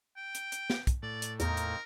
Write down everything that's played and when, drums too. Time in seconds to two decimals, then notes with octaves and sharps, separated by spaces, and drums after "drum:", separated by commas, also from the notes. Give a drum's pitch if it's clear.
0.17 G5
0.35 drum: hi-hat
0.52 drum: hi-hat
0.70 drum: snare
0.87 drum: kick, hi-hat
1.03 A2 D5
1.22 drum: hi-hat
1.40 E2 A#3 C4 D#4 A#4, drum: hi-hat
1.57 drum: hi-hat